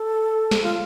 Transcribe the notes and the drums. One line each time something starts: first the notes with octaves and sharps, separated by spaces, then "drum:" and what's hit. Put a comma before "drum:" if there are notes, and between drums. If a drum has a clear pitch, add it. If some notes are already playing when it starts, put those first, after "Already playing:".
Already playing: A4
drum: snare
F4